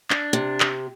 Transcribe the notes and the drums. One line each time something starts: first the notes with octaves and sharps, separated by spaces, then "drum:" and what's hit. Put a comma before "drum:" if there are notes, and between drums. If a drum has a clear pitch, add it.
D4, drum: clap
C3
drum: clap